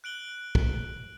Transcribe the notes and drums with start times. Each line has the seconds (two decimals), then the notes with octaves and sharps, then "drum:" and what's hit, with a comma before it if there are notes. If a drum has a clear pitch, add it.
0.04 F#6 D7 F#7 G7
0.55 drum: kick